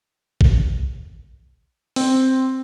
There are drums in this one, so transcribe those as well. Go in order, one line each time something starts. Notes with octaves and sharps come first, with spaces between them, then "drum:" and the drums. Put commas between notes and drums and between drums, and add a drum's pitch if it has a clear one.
drum: kick A1
C4, drum: open hi-hat